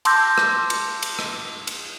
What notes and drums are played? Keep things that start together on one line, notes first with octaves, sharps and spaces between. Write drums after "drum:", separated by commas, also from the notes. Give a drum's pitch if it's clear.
A5 C6 D6 E6 G6 A#6, drum: cymbal
drum: rim click
drum: cymbal
drum: cymbal
drum: rim click
drum: cymbal